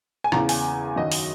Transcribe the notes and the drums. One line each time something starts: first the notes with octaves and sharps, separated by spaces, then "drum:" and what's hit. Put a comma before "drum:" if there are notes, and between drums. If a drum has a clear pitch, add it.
G#5
E2 C#3 E3 A#5, drum: rim click
G#5, drum: open hi-hat
F#2 D#3 F#3 D#5
drum: open hi-hat